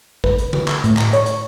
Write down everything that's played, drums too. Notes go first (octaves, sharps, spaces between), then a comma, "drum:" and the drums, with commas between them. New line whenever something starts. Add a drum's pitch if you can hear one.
B4, drum: kick G#1
drum: hi-hat
drum: tom D3
drum: clap
A2, drum: hi-hat
drum: clap
C#5, drum: hi-hat
drum: hi-hat